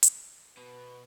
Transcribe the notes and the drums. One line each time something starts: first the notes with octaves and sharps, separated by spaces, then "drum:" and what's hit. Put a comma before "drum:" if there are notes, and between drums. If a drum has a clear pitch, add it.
drum: hi-hat
B2 B4